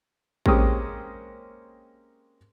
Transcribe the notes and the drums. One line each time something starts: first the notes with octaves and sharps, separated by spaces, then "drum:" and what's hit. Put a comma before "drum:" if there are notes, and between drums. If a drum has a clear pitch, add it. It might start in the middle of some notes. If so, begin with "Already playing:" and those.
G#3 A#3 C4 C#4 G4 D#6, drum: kick A1